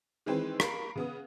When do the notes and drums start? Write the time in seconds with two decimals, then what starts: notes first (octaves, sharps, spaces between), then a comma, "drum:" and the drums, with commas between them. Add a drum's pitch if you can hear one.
0.26 D#3 E3 G#3 C4 B4
0.60 A#4 F5 B5, drum: rim click
0.95 C#3 B3 D#6